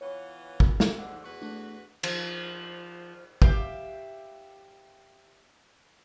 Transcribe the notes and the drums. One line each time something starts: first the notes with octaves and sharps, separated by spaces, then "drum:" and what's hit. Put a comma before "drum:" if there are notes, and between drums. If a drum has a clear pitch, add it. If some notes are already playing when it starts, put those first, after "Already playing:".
E3 B3 F4 C#5 C#6
drum: kick
drum: snare
D#2 G#2 D3 F#5
E2 F#4 B4 C#6
A3 D4
F3, drum: cymbal
G4 E5 F5 G5, drum: kick